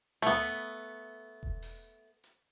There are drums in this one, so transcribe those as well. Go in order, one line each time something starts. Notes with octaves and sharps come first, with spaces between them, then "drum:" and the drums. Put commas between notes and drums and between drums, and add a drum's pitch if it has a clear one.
A3 B3, drum: tom A2
drum: kick E1
drum: open hi-hat
drum: hi-hat